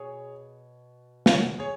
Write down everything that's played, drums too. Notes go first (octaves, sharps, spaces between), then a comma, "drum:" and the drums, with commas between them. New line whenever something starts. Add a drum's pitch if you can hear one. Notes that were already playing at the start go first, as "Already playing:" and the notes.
Already playing: B2 G#4 C#5
C#5 F#5, drum: snare
G#4 C#5